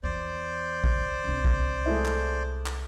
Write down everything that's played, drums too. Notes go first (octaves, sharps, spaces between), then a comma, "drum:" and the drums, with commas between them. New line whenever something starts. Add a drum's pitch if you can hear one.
E2 C5 D5
drum: kick
C2 D4
drum: kick
G#3 A3 E4
drum: clap
drum: clap